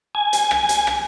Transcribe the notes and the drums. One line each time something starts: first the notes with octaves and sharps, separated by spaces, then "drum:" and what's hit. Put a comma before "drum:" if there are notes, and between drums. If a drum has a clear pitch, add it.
G#5
drum: hi-hat
drum: rim click
drum: hi-hat
drum: rim click